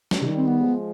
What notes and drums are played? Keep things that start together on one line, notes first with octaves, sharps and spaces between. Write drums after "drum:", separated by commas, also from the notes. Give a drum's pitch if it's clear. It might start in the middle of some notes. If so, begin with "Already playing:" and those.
drum: snare
C3 D#3 G3
C4
B3
F3 G#3